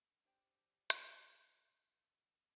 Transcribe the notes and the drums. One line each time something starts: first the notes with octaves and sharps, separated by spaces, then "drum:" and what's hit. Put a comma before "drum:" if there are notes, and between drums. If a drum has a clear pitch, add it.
D4 G4 C5 D5 G5
drum: hi-hat